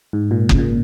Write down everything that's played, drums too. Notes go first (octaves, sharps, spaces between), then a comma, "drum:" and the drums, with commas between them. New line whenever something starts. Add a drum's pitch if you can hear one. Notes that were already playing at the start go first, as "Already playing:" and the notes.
G#2
A#2
C#3, drum: kick F#1
A#2